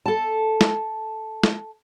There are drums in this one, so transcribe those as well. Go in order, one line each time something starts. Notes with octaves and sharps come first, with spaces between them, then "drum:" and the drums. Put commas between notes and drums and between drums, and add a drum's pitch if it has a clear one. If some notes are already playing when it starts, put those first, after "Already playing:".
A4 A5
drum: snare
drum: snare